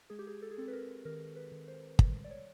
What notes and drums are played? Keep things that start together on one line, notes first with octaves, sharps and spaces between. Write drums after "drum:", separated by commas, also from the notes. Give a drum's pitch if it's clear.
G#3 G#4
G4
G#4
A4
G#4
C4 A4
B4
A#4
D#3 A#4
B4
D#3
C5
G3, drum: kick
D5
C#5